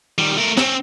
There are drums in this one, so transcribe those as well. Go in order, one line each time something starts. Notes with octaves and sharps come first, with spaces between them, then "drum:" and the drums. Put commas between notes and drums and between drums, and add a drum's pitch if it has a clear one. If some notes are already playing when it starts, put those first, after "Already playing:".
D#3 G3
A3 A#4
C4 C#4, drum: snare